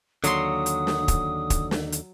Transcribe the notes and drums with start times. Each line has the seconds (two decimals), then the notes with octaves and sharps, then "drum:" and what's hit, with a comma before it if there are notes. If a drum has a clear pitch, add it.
0.24 D#2 D3 F#3 C6 D#6, drum: hi-hat
0.66 drum: hi-hat
0.87 drum: snare
1.08 drum: kick, hi-hat
1.50 drum: kick, hi-hat
1.71 drum: snare
1.92 drum: hi-hat